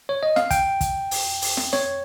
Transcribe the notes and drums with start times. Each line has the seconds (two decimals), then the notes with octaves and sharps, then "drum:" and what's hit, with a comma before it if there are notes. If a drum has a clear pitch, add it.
0.09 C#5
0.23 D#5
0.36 F5, drum: snare
0.51 G5, drum: kick, hi-hat
0.81 drum: kick, hi-hat
1.11 drum: open hi-hat
1.42 drum: open hi-hat
1.57 drum: snare
1.73 C#5, drum: snare